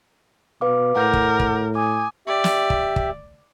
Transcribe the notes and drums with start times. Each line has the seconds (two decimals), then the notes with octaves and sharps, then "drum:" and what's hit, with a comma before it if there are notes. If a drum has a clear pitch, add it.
0.61 B2 B4 F5 D6
0.96 A2 A#4 F#5 D6 G6
1.13 drum: kick
1.40 drum: kick
1.75 G#5 D6 D#6
2.27 G4 D5 E5
2.44 drum: snare
2.70 drum: kick
2.96 drum: kick